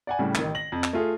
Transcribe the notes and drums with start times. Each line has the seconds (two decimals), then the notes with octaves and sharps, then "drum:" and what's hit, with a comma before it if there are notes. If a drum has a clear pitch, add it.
0.07 D5 F#5 G#5
0.19 A2 C#3 G3
0.35 A1 D#3, drum: clap
0.55 A#6 F#7
0.72 F2
0.84 drum: clap
0.93 A3 F4 G#4 A4